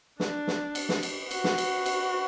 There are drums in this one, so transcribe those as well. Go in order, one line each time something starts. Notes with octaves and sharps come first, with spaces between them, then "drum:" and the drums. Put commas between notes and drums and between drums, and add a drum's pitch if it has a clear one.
D4, drum: snare
drum: snare
drum: cymbal
drum: snare
drum: cymbal
F#4, drum: cymbal
drum: snare
drum: cymbal
drum: cymbal